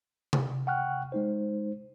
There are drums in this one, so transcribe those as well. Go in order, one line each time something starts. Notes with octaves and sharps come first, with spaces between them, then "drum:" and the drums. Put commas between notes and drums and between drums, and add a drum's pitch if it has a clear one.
drum: tom C3
F#5 G5 C#6 F6 F#6
G#3 D#4 C5